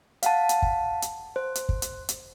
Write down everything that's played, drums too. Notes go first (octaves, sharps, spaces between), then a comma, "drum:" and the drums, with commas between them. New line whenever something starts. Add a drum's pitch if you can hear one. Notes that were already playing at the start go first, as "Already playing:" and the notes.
F5 F#5 A5, drum: hi-hat
drum: hi-hat
drum: kick
drum: hi-hat
C5
drum: hi-hat
drum: kick
drum: hi-hat
drum: hi-hat